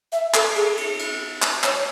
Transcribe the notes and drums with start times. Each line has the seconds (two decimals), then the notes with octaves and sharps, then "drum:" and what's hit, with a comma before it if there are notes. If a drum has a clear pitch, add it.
0.13 E5
0.34 A4, drum: clap
0.56 G#4, drum: cymbal
0.77 drum: cymbal
0.99 drum: cymbal
1.42 drum: clap
1.64 C#5, drum: clap
1.75 C#5